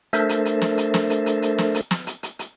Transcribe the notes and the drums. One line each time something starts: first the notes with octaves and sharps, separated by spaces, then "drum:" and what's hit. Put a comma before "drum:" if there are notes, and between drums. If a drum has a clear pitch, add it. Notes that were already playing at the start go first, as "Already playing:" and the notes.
A3 D4 A4 A#4 C5 E5, drum: hi-hat
drum: hi-hat
drum: hi-hat
drum: snare
drum: hi-hat
drum: snare
drum: hi-hat
drum: hi-hat
drum: hi-hat
drum: snare
drum: hi-hat
drum: snare
drum: hi-hat
drum: hi-hat
drum: hi-hat